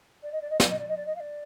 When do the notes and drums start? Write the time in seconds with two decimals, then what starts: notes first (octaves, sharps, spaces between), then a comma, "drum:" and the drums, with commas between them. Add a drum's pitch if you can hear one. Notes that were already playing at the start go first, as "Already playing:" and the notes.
0.23 D5
0.32 D#5
0.41 D5
0.50 D#5
0.60 D5, drum: snare
0.70 D#5
0.79 D5
0.88 D#5
0.96 D5
1.06 D#5
1.15 F5
1.20 D5